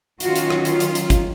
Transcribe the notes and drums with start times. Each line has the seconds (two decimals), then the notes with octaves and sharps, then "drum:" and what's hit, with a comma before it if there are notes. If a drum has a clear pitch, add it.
0.20 D#3 F#3 C#4 F4 F#4, drum: hi-hat
0.36 drum: hi-hat
0.50 drum: rim click
0.65 F4, drum: hi-hat
0.80 drum: hi-hat
0.95 drum: hi-hat
1.10 drum: kick, hi-hat